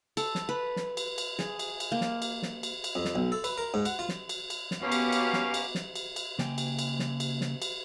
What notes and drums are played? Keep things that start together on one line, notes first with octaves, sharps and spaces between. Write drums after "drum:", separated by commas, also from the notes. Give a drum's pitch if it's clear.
A4, drum: cymbal
drum: snare
B4
drum: snare
drum: cymbal
drum: cymbal
G#4, drum: snare
drum: cymbal
drum: cymbal
A#3
drum: snare
drum: cymbal
drum: snare
drum: cymbal
drum: cymbal
F2
drum: snare
B1
A4
B4, drum: cymbal
A#4
G#2
F#5, drum: cymbal
F4
drum: snare
drum: cymbal
drum: cymbal
drum: snare
A#3 B3 C#4 F#4 G4 F5
drum: cymbal
drum: cymbal
drum: snare
drum: cymbal
drum: snare
drum: cymbal
drum: cymbal
C#3 A#3 G5 G#5, drum: snare
drum: cymbal
drum: cymbal
drum: snare
drum: cymbal
drum: snare
drum: cymbal